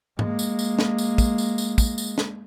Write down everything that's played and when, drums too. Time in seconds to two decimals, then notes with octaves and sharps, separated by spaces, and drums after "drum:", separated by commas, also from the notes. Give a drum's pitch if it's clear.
0.19 G#3 A#3, drum: tom G#2
0.39 drum: tambourine
0.59 drum: tambourine
0.79 drum: snare
0.98 drum: tambourine
1.18 drum: kick, tambourine
1.38 drum: tambourine
1.58 drum: tambourine
1.78 drum: kick, tambourine
1.98 drum: tambourine
2.18 drum: snare